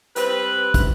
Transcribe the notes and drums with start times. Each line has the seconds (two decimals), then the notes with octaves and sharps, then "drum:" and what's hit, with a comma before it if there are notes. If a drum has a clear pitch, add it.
0.16 G3 C4 B4, drum: hi-hat
0.74 drum: kick, hi-hat